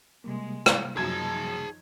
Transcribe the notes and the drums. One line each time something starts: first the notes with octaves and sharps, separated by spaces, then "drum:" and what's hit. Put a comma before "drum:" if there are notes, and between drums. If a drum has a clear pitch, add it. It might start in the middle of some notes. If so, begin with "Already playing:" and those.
C3 G3 G#3 A#3
drum: rim click
F#2 D#3 F3 D#4 G#4 A5 G#6